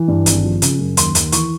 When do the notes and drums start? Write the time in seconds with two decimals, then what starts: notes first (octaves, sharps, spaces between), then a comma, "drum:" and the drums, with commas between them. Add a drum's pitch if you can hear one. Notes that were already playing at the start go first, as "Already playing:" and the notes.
Already playing: E3
0.08 G2
0.26 G#1, drum: hi-hat
0.44 F3
0.62 C#3, drum: hi-hat
0.79 F#2
0.97 D#2 C6, drum: hi-hat
1.15 D#2, drum: hi-hat
1.32 E3 C#6, drum: hi-hat